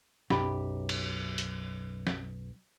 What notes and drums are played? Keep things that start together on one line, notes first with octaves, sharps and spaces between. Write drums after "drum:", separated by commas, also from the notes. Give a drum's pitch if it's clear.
B1 F#2 G4 B5, drum: snare
drum: cymbal
drum: hi-hat
drum: snare